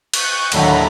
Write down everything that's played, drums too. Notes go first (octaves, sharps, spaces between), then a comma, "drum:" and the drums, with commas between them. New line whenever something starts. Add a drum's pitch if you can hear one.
C#6 F#6 G6 D#7, drum: cymbal
D#2 A2 D3 F#3 A#5 B5, drum: cymbal